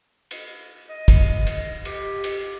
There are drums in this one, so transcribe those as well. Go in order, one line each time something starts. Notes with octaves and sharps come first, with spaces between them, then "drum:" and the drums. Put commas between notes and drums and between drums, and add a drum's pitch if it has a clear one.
drum: cymbal
D#5
drum: kick, cymbal
drum: cymbal
G4, drum: cymbal
drum: cymbal